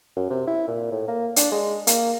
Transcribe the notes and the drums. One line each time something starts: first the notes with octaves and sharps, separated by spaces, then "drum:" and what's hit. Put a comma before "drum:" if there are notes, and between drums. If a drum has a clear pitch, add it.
F#2
C3
E4
A#2
A2
A#3
D4, drum: hi-hat
G#3
A#3, drum: hi-hat